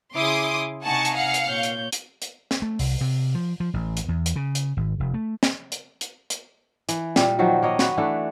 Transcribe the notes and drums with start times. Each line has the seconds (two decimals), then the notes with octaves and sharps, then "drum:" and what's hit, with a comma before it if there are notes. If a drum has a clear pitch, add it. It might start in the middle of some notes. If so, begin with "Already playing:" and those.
0.14 C#3 E4 G#4 C6 D6 D#6
0.82 C3 D#4 F#5 G#5 A5 C#6
1.05 drum: hi-hat
1.14 F5 F#5 C#7
1.34 drum: hi-hat
1.46 A#2 C#5 G6
1.63 drum: hi-hat
1.92 drum: hi-hat
2.22 drum: hi-hat
2.51 drum: snare
2.62 A3
2.79 C2, drum: open hi-hat
3.01 C3
3.35 F3
3.60 F3
3.74 A1
3.97 drum: hi-hat
4.08 E2
4.26 drum: hi-hat
4.36 C#3
4.55 drum: hi-hat
4.77 G#1
5.00 F1
5.14 A3
5.43 drum: snare
5.72 drum: hi-hat
6.01 drum: hi-hat
6.30 drum: hi-hat
6.89 E3, drum: hi-hat
7.16 A#2 G3, drum: snare
7.39 D#3 F3 F#3 F#4
7.63 A#3 C#5 D#5
7.79 F#4 B4, drum: snare
7.97 E3 A3 D4